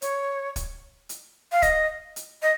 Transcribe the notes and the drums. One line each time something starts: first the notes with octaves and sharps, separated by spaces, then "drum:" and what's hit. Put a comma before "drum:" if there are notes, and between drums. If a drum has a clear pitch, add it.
C#5, drum: hi-hat
drum: kick, hi-hat
drum: hi-hat
F5
D#5, drum: kick, hi-hat
drum: hi-hat
D#5